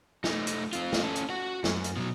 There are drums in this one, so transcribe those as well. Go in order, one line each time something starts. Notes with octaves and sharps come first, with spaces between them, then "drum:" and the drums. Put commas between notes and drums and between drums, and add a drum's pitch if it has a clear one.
A3 D#4, drum: snare
drum: hi-hat
C4 F4, drum: hi-hat
drum: snare
C#4 A4
drum: hi-hat
F#4 F#5
F#2, drum: snare
drum: hi-hat
B2 F#3